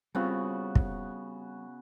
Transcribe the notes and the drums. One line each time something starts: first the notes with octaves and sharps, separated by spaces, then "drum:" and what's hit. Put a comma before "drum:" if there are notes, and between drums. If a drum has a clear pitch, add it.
C#3 G3 B3 C4 F4 F#4
drum: kick